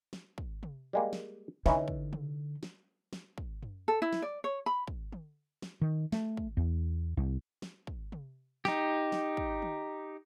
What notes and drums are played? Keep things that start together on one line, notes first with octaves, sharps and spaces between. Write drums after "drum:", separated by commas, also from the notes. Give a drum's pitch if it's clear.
drum: snare
drum: kick
drum: tom C3
G3 G#3 A#3
drum: snare
D3 E3 C#4 D#4, drum: snare
drum: kick
drum: tom C3
drum: snare
drum: snare
drum: kick
drum: tom F#2
A4
E4
drum: snare
D5
C#5
B5
drum: kick
drum: tom
drum: snare
D#3
A3, drum: snare
drum: kick
E2
C2
drum: snare
drum: kick
drum: tom C3
D#4 G4, drum: snare
drum: snare
drum: kick
drum: tom